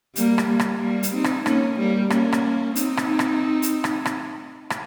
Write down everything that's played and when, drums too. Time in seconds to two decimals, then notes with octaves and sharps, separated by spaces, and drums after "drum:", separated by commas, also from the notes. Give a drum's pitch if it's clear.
0.16 G3 A#3, drum: hi-hat
0.38 drum: rim click
0.49 G3 A#3
0.60 drum: rim click
0.81 G3 A#3
1.03 drum: hi-hat
1.13 C4 D#4
1.24 drum: rim click
1.46 A#3 C#4, drum: rim click
1.78 G3 A#3
2.10 A#3 C#4, drum: rim click
2.32 drum: rim click
2.76 C4 D#4, drum: hi-hat
2.97 drum: rim click
3.19 drum: rim click
3.62 drum: hi-hat
3.84 drum: rim click
4.05 drum: rim click
4.70 drum: rim click